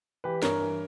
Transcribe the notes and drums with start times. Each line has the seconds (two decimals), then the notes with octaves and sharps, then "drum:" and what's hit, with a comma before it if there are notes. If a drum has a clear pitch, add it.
0.24 E3 G4 B4
0.42 G2 A#4 C#5, drum: snare
0.61 E3